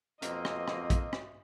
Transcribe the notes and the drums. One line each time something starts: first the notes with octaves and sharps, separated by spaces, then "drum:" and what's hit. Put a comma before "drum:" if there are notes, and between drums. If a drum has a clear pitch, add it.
F2 B2 A#3 C4 D#5, drum: hi-hat
drum: rim click
drum: rim click
drum: kick, hi-hat
drum: rim click